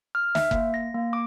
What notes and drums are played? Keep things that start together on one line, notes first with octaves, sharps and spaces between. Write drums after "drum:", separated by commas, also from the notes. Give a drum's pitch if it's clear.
F6
E5, drum: snare
A#3, drum: kick F#1
A#6
A#3
D6